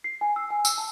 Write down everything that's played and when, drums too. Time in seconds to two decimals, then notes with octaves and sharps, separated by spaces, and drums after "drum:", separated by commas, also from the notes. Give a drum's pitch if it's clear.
0.04 C7
0.21 G#5
0.36 E6
0.50 G#5
0.65 E6, drum: tambourine
0.78 A5